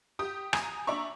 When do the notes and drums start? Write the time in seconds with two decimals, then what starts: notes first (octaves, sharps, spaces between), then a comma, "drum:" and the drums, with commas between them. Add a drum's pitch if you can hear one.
0.19 G4 G5 D#6
0.53 G#5 A#5 D#6, drum: rim click
0.87 D4 D5 E5 A#5 C#6